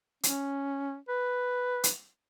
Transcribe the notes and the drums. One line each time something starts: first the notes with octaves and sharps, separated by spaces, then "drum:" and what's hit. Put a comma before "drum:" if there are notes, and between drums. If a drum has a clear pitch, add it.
C#4, drum: hi-hat
B4
drum: hi-hat